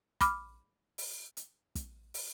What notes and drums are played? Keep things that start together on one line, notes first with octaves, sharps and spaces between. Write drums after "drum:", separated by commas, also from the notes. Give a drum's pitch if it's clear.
B5 D6 F6, drum: kick, hi-hat
drum: open hi-hat
drum: hi-hat
drum: kick, hi-hat
drum: open hi-hat